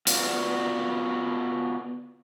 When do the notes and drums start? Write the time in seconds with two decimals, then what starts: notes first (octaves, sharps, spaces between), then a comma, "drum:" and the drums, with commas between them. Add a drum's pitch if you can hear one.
0.07 B3 F4 F#4 D5 F5, drum: hi-hat